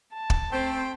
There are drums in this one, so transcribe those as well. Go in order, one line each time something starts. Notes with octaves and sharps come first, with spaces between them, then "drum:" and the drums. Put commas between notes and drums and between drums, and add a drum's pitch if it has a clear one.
A5
drum: kick
A3 C4 C5 G5